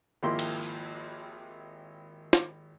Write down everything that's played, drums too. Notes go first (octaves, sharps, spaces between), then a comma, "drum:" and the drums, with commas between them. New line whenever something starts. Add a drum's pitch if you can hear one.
G#1 F3 A#3 E4 G4 C6
drum: cymbal
drum: tambourine
drum: snare